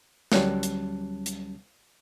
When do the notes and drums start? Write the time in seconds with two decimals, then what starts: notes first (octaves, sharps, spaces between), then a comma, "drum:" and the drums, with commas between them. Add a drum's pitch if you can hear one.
0.32 D2 F#3 G3 C#4 A5 F#6, drum: snare
0.63 drum: hi-hat
1.26 drum: hi-hat